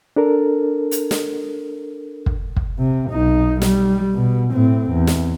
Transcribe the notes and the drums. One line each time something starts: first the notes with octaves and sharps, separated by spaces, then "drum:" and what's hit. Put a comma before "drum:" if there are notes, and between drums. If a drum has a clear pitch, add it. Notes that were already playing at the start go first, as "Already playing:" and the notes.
D4 A4 A#4
drum: hi-hat
drum: snare
drum: kick
drum: kick
C3
B1 D#4
G3, drum: snare
B2
A2 C4
E2
drum: snare